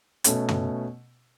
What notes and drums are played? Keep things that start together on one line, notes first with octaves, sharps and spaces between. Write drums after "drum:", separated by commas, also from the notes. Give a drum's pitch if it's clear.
B2 A3 C#4, drum: hi-hat
drum: tom